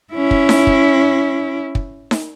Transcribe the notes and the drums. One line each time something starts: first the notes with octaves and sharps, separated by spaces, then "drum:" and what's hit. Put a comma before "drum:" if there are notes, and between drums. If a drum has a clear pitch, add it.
C#4 E4
drum: kick
drum: snare D#4
drum: kick
drum: kick
drum: snare D#4